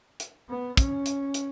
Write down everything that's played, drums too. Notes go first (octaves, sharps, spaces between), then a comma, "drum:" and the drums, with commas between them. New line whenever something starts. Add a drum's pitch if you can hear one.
drum: hi-hat
B3
C#4, drum: kick, hi-hat
drum: hi-hat
drum: hi-hat